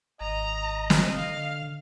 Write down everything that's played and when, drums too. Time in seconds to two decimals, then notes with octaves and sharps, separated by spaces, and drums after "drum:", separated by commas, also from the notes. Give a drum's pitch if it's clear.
0.21 G#1 D#5 A#5
0.90 drum: snare
1.17 D3 F5